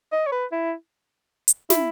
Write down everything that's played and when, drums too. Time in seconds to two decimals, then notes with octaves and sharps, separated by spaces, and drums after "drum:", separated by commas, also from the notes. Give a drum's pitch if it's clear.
0.12 D#5
0.27 C#5
0.32 B4
0.52 E4
1.48 drum: hi-hat
1.70 E4, drum: snare